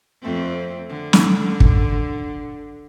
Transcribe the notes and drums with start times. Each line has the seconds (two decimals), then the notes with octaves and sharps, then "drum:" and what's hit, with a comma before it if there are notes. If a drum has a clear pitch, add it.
0.22 F2 A3 C4
0.89 D3
1.13 drum: snare
1.60 drum: kick